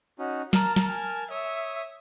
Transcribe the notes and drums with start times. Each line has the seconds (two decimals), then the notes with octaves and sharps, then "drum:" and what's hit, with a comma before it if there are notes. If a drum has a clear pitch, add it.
0.19 C#4 D#4 F#4
0.53 A#4 A5 A#5 F6, drum: snare
0.76 drum: snare
0.90 G#5
1.31 C#5 E5 D#6